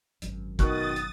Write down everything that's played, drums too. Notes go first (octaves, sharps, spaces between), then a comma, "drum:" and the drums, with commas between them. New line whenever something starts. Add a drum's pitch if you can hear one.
G#1 F#2, drum: hi-hat
B2 D#3 C#6 D#6 F#6 A6, drum: kick, hi-hat
drum: hi-hat